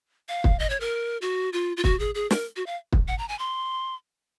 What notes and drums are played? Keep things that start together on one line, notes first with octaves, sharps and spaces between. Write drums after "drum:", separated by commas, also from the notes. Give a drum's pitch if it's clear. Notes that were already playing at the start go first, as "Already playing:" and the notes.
F5
drum: kick
D#5
C#5
A#4
F#4
F4
F4
F#4, drum: kick
G#4
G#4
A#4, drum: snare
F#4
F5
drum: kick
F#5
A#5
G#5
C6